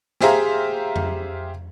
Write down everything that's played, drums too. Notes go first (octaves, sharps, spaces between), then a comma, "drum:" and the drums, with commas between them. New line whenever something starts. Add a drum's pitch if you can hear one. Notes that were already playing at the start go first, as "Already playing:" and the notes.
G4 G#4 C5 E5 F5 A#5, drum: snare
drum: tom F2